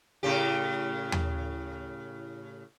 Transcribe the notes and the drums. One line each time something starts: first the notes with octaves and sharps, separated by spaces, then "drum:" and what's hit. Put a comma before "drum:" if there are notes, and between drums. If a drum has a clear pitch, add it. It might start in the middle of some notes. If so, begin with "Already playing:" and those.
A2 C#3 G4
drum: tom D#2